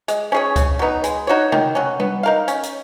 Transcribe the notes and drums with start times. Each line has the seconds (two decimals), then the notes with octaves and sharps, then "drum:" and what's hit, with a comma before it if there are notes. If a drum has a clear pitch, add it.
0.08 G#3, drum: hi-hat
0.32 C#4 G#4 C#5
0.56 C#3, drum: kick C#2, hi-hat
0.79 F#3 B3 D#4
1.04 G#3, drum: hi-hat
1.27 D#4 F#4 C#5
1.52 D#3, drum: tom C3
1.75 F#3 C#4
2.00 B3, drum: tom G3
2.23 D#4 A#4 F5
2.48 C#4, drum: hi-hat
2.63 drum: hi-hat